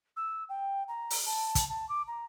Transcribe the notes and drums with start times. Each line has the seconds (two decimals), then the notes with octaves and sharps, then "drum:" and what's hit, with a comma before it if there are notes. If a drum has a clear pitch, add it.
0.17 E6
0.49 G5
0.88 A#5
1.10 drum: open hi-hat
1.26 A5
1.55 drum: kick, hi-hat
1.69 A5
1.89 D6
2.07 A#5